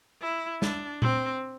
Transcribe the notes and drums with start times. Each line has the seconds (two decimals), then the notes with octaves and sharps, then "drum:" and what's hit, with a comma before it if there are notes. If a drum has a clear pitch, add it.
0.21 E4
0.62 D4, drum: snare
1.02 C4, drum: tom A#2